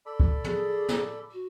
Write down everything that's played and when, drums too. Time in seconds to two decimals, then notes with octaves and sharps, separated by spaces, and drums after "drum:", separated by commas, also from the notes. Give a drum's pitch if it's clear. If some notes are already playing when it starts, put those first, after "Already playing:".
0.06 A4 D5 B5
0.20 drum: kick
0.44 G#4, drum: tom
0.89 drum: snare
1.31 F#4